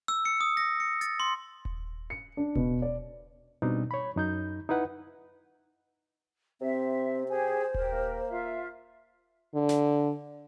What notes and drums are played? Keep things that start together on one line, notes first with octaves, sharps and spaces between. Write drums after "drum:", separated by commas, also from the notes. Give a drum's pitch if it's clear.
E6
C#7
D#6
A#6
C#7
A6, drum: hi-hat
C6
drum: kick D#1
C#7
D4
B2, drum: kick D#1
D5
B2 G3 C4 D4 D#4
C#5 B5
F#2 D#4 G6
D#4 E4 B4 F#5
C3 C4 E5
G4 G#4 C5 G#5
G4 A#4, drum: kick D#1
A#3
F4 E5 F5
D3
drum: snare